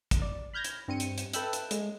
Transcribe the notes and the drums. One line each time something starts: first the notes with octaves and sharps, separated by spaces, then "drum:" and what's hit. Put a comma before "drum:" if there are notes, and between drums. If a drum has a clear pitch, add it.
drum: kick, hi-hat
D5
B5 F6 G6 G#6 A#6
drum: hi-hat
G2 C4 C#7 D#7
drum: hi-hat
drum: hi-hat
A4 B4 E5 G5 E6 F#6, drum: hi-hat
drum: hi-hat
G#3, drum: hi-hat